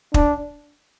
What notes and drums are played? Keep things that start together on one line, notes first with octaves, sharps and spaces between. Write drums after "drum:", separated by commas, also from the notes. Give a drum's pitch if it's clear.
D4, drum: kick